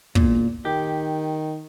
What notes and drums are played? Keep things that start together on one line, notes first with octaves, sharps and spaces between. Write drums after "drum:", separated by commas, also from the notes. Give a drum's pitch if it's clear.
E1 A#2, drum: kick
D#3 G4